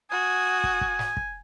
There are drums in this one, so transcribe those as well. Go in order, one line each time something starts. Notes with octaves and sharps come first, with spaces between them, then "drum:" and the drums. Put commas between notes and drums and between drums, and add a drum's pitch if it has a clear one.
F#4 G#5 D#6
drum: kick
drum: kick
drum: snare
drum: kick